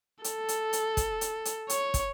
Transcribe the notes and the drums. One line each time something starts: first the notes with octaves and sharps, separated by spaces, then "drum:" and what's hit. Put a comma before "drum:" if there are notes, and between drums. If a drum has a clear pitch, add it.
A4, drum: hi-hat
drum: hi-hat
drum: hi-hat
drum: kick, hi-hat
drum: hi-hat
drum: hi-hat
C#5, drum: hi-hat
drum: kick, hi-hat